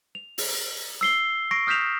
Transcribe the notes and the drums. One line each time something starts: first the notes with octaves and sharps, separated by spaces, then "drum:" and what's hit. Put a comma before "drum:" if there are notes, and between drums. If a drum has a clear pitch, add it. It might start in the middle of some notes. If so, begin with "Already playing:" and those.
F7
drum: open hi-hat
E6 C7 G7
C#6 A#6 C7 D7
D#6 F6 G6 B6 E7 F7